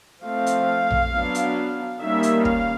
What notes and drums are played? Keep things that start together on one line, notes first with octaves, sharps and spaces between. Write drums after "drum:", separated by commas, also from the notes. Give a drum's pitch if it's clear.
F3 A3 C4 F5
drum: hi-hat
drum: tom A#1
F#3 B3 D4
drum: hi-hat
D#3 G3 A#3 C#4 E5
drum: hi-hat
F5, drum: kick